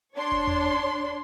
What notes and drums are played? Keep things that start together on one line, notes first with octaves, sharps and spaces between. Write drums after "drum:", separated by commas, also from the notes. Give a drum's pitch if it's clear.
D4 C#5 C6
drum: kick F1
drum: tom E2